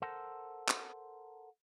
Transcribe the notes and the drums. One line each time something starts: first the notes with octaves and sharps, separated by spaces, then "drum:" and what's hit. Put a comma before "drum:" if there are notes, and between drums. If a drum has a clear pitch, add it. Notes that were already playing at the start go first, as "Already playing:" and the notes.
A4 A#4 C5 F#5 A5
drum: clap